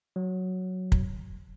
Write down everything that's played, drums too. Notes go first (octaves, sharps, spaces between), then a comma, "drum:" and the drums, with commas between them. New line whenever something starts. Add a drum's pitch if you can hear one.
F#3
drum: kick